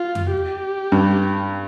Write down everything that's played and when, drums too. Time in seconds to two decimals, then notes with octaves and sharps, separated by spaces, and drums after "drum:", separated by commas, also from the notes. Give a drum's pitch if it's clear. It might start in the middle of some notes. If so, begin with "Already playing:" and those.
Already playing: F4
0.15 drum: tom F2
0.32 G4
0.92 G2